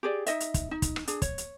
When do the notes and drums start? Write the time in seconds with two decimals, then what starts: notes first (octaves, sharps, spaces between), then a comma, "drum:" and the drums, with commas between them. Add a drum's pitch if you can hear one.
0.03 G4 G#4 D5
0.26 D#4 D#5 E5, drum: hi-hat
0.40 drum: hi-hat
0.54 drum: kick, hi-hat
0.71 D#4
0.82 drum: kick, hi-hat
0.96 drum: rim click
1.07 D4 G#4, drum: hi-hat
1.22 C#5, drum: kick, hi-hat
1.38 drum: hi-hat